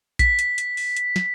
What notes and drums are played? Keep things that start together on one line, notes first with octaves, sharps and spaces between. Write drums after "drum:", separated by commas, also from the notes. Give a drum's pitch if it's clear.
B6, drum: kick A#1, hi-hat
drum: hi-hat
drum: hi-hat
drum: open hi-hat
drum: hi-hat
drum: snare